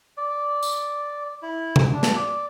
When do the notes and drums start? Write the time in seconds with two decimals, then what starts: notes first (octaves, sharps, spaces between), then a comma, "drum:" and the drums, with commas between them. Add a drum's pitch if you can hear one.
0.18 D5
0.63 drum: tambourine
1.43 E4
1.76 drum: tom
1.93 D4
2.03 drum: snare
2.16 D5